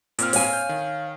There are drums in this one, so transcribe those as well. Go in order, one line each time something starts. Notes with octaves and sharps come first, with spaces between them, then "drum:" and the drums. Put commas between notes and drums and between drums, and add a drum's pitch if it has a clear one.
A#2 C4 F6, drum: hi-hat
C#5 F5 G#5, drum: open hi-hat
G6
D#3